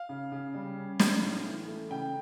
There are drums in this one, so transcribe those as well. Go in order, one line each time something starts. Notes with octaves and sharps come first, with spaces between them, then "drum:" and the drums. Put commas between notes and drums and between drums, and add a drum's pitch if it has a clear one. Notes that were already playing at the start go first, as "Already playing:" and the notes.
Already playing: F5
C#3
C#3
G3
C#4
C#4, drum: snare
A2
E3
A3
C#3 G5